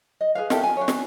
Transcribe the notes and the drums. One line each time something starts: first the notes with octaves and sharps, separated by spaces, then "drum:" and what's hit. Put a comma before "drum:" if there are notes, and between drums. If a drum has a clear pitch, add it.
D#5
G#4 B4 F5
E4 G4 A4 A#4, drum: snare
G#5
D4 C#5
D4, drum: snare